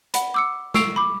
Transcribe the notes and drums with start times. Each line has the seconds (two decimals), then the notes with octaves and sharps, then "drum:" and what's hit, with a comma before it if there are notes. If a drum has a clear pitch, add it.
0.14 F#5 B5, drum: hi-hat
0.34 D6 E6 C#7
0.74 C#6 E6 C7 D7 F7, drum: snare
0.96 B5 D6